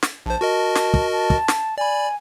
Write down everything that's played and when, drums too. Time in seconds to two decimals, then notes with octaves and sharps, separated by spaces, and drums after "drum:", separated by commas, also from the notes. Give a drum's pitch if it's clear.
0.03 drum: snare
0.26 A#1 C5 A5
0.41 F#4 A#4 D#5
0.75 drum: snare
0.94 drum: kick
1.12 A5
1.30 drum: kick
1.48 drum: snare
1.78 D5 G#5 B5